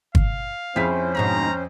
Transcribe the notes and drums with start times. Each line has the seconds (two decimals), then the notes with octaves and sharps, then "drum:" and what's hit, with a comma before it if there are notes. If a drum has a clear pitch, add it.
0.15 F5, drum: kick
0.76 F2 C#4 E4 G#4 C5 B6
1.15 D2 G#2 B2 A#5